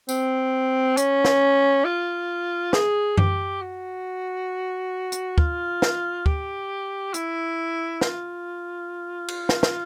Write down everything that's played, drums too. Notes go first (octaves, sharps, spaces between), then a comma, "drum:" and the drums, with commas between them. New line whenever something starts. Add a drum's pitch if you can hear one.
C4, drum: tambourine
C#4, drum: hi-hat
drum: snare
F4
G#4, drum: snare
G4, drum: tom F#2
F#4
drum: hi-hat
F4, drum: kick
drum: snare
G4, drum: kick
E4, drum: hi-hat
F4, drum: snare
drum: cymbal
drum: snare
drum: snare